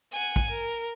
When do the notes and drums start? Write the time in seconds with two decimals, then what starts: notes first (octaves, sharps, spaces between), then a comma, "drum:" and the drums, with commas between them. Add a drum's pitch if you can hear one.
0.12 F#5 G#5
0.36 drum: kick
0.50 A#4